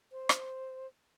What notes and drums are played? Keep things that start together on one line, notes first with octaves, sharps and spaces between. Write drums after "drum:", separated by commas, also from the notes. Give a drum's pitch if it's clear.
C5
drum: rim click